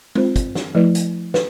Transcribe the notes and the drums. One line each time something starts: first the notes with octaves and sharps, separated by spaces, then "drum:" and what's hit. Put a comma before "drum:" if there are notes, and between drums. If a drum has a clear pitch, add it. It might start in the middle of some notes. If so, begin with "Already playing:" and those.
C4 F4 C5, drum: tom G#3
drum: kick, hi-hat
drum: snare
F3 A3 E4 B4 D5
drum: hi-hat
B4, drum: snare